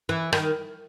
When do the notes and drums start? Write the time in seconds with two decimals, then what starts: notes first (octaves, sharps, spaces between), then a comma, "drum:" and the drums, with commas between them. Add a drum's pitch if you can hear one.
0.09 E3
0.33 D#3, drum: rim click